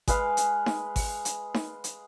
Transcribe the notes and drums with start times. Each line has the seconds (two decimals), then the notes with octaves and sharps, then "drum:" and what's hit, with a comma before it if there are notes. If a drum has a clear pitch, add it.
0.08 G#3 B4 F5, drum: kick G#1, hi-hat
0.37 drum: hi-hat
0.66 drum: snare D#4
0.96 drum: kick G#1, open hi-hat
1.25 drum: hi-hat
1.54 drum: snare D#4
1.84 drum: hi-hat